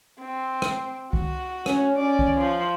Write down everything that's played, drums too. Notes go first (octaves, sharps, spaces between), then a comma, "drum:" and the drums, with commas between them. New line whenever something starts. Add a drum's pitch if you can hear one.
C4
drum: rim click
F#4, drum: kick C2
C#4, drum: rim click
C#4 D5
drum: kick C2
F3